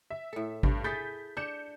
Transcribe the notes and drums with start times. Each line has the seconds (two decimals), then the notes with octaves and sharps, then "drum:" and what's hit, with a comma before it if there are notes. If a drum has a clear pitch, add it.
0.10 E5
0.33 A2 A4
0.63 G2, drum: kick G#1
0.84 E4 G#4 A4 G6 A6 B6
1.37 D4 G6 C#7 E7